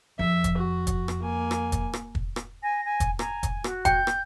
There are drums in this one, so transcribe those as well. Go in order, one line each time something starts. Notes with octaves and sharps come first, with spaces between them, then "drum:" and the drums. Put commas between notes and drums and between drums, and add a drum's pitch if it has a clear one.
F2 E5
drum: kick, hi-hat
F#4
drum: kick, hi-hat
drum: rim click
A#3 G#5
drum: rim click
drum: kick, hi-hat
drum: rim click
drum: kick
drum: rim click
G#5 A#6
G#5
drum: kick, hi-hat
G#5 A#5, drum: rim click
drum: kick, hi-hat
F#4, drum: rim click
G5 G6, drum: kick, hi-hat
drum: rim click